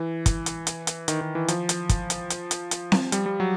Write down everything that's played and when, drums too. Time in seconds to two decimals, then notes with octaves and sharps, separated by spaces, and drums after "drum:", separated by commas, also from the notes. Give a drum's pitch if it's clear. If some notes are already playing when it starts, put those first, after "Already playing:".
Already playing: E3
0.26 drum: kick, hi-hat
0.46 drum: hi-hat
0.67 drum: hi-hat
0.87 drum: hi-hat
1.08 D#3, drum: hi-hat
1.21 D#3
1.35 E3
1.48 F3, drum: hi-hat
1.69 drum: hi-hat
1.89 drum: kick, hi-hat
2.10 drum: hi-hat
2.30 drum: hi-hat
2.51 drum: hi-hat
2.71 drum: hi-hat
2.92 drum: snare C4
3.12 G3, drum: hi-hat
3.26 G3
3.40 F#3